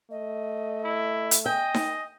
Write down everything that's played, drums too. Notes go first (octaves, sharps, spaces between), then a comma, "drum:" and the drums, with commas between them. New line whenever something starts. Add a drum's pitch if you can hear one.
A3 D#5
E4
drum: hi-hat
D#5 G5 G#5
drum: snare D#4